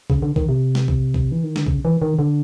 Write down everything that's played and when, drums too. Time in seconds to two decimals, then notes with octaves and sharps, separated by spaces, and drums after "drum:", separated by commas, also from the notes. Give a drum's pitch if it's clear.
0.10 C#3, drum: kick
0.22 D3
0.36 D#3, drum: kick
0.49 C3
0.75 drum: snare
0.88 drum: kick
1.14 drum: kick
1.32 E3
1.43 D#3
1.56 D3, drum: snare
1.67 C#3, drum: kick
1.85 E3
2.02 D#3
2.19 D3